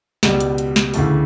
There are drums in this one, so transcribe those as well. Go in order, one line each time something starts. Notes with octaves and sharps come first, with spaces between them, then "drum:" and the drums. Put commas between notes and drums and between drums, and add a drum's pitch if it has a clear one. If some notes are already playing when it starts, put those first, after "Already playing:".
C#2 B2 G3, drum: snare
drum: hi-hat
drum: hi-hat
drum: snare
D2 C#3 E3 A3, drum: open hi-hat